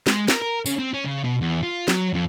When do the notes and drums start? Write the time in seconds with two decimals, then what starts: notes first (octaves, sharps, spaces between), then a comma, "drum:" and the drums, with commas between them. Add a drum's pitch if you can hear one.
0.07 G#3, drum: snare
0.28 A#4, drum: snare
0.42 A#4
0.66 C#3, drum: tambourine
0.79 C4
0.94 C#4
1.05 C#3
1.24 B2
1.41 E2
1.63 F4
1.88 F#3, drum: snare
2.14 F2